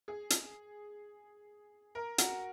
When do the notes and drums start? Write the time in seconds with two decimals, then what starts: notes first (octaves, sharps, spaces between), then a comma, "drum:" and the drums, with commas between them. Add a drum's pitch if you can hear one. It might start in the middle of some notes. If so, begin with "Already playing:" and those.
0.08 G#4
0.30 drum: hi-hat
1.95 A#4
2.18 F#4, drum: hi-hat